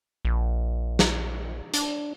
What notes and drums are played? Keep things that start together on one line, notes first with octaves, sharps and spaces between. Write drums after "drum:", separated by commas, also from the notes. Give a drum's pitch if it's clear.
A#1
drum: snare
D4, drum: hi-hat